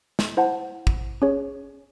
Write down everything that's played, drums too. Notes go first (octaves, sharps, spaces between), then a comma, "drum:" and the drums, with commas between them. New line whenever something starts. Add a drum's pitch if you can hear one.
drum: snare
E4 C5 F#5 A5
drum: kick
C#4 G#4 C#5